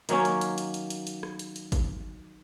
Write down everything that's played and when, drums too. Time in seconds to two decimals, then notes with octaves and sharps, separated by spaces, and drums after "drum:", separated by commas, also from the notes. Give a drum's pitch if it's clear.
0.09 D#3 F#3 A#3 C#4, drum: hi-hat
0.25 drum: hi-hat
0.41 drum: hi-hat
0.58 drum: hi-hat
0.74 drum: hi-hat
0.90 drum: hi-hat
1.07 drum: hi-hat
1.23 drum: rim click
1.39 drum: hi-hat
1.56 drum: hi-hat
1.72 drum: kick, hi-hat